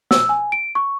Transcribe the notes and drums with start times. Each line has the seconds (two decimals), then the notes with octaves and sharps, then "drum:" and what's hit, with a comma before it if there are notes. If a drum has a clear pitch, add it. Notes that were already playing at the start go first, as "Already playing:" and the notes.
0.11 E6, drum: snare
0.29 G#5
0.52 D7
0.75 C#6